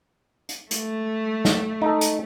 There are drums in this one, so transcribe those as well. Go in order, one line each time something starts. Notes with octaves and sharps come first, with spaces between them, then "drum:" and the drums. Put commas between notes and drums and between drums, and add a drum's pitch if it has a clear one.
drum: hi-hat
A3, drum: hi-hat
drum: snare
D#4 A4
drum: hi-hat